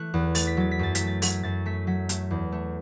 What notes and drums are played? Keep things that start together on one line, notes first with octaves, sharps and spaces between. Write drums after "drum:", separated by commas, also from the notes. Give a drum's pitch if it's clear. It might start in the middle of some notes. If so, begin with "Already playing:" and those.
Already playing: E3 A3 F#6
E2
A3 A6, drum: open hi-hat
B6
F#3 A6
B6
F#2 A6
B6, drum: hi-hat
A3
A6
F#3 B6, drum: open hi-hat
F#2 A6
A3 B6
F#3 B6
A3, drum: hi-hat
E2
A3